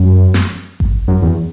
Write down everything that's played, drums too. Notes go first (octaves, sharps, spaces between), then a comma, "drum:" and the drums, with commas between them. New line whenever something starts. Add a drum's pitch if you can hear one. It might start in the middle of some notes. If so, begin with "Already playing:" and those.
Already playing: F#2
drum: snare
drum: kick G#1
F#2
E2